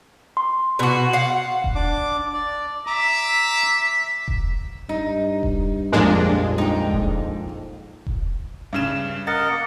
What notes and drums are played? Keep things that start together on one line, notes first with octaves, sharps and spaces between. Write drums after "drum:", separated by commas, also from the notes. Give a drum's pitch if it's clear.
C6
B2 F#4
F5 F#5
drum: kick E1
D4 D6
D5
E5 A#5 D6
drum: kick E1
G2 D#4
drum: kick E1
A#1 F2 G#3 A#3 D4
D#4 G5
drum: kick E1
drum: kick E1
G2 C#3 E7
A#4 D#5 F#5 A6
A#3